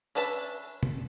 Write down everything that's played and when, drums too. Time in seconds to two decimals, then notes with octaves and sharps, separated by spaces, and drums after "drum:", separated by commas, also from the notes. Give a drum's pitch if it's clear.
0.15 C#4 D4 B4 E5 A5
0.83 drum: tom